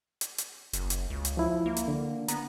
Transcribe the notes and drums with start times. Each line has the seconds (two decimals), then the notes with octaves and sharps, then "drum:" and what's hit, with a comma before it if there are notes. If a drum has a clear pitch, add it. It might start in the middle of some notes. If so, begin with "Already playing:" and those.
0.21 drum: hi-hat
0.38 drum: hi-hat
0.73 F#1, drum: hi-hat
0.90 drum: hi-hat
1.10 C#2
1.25 drum: hi-hat
1.37 F3 E4
1.66 A#3
1.77 drum: hi-hat
1.88 D3
2.28 B3 A#5, drum: hi-hat